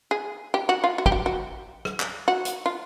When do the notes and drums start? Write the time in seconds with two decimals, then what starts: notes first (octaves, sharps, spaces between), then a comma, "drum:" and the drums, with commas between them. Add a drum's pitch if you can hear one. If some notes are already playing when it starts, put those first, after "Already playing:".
0.11 G#4
0.54 G4
0.69 F#4
0.84 F4
0.98 F#4
1.06 G4, drum: kick
1.12 F#4
1.26 F#4
1.85 drum: rim click
2.00 drum: clap
2.28 F#4
2.45 drum: hi-hat
2.66 F4